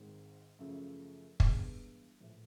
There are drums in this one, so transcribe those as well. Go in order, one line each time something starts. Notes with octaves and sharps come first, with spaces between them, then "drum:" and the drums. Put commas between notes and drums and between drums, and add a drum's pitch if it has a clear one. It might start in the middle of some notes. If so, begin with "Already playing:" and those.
Already playing: G#1 G#2 D#3
F#2 C#3 F3 A3
G2 E3 G#3 B3 E4, drum: kick
A#1 A2 E3 A3